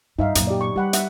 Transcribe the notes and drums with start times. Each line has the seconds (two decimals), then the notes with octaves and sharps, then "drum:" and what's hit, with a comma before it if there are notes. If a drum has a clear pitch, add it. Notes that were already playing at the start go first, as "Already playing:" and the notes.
0.19 G2 D#4 E5 F5
0.35 F#2 A#2, drum: hi-hat
0.47 G4 D5
0.61 C#6
0.76 G3 G4 F#5 B5
0.93 E5 F#5, drum: hi-hat